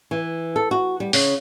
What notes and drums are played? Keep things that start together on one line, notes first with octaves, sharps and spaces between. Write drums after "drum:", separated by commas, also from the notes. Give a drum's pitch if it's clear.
E3
A4
F#4
G3
C#3, drum: open hi-hat